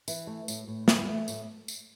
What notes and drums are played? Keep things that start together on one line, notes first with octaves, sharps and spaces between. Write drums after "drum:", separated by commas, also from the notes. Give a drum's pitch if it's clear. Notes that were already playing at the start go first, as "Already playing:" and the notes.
E3, drum: tambourine
A3
A2, drum: tambourine
A2
E3 B4 E5, drum: snare
A3
A2, drum: tambourine
drum: tambourine